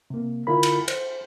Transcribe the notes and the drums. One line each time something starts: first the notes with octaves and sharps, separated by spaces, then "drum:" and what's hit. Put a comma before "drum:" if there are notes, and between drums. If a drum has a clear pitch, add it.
C3 A#3
D3 E4 F4 A#4 B5
drum: cymbal
C5, drum: cymbal